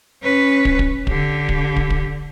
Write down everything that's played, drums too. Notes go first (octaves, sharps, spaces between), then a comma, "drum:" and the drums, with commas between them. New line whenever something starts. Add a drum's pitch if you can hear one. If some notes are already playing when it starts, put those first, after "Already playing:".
C#4 B4
drum: kick
drum: kick
D3 G4, drum: kick
drum: kick
drum: kick
drum: kick